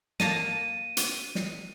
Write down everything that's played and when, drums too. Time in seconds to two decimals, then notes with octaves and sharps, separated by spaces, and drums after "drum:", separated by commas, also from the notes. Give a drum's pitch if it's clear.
0.20 A#3 A5 A#5 D#7, drum: snare
0.97 drum: hi-hat
1.35 drum: snare